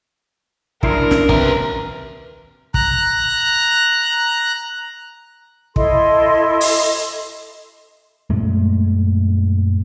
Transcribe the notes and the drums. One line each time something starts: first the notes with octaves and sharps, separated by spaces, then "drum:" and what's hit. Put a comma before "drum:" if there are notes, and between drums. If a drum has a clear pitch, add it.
F#2 D4 E4 A#4 C6, drum: kick
drum: snare
D#2 C3 B4 A#5, drum: kick
A#5 F#6, drum: kick
E4 A4 D#5 C6, drum: kick
drum: open hi-hat
F#2 A#2 G#3 A3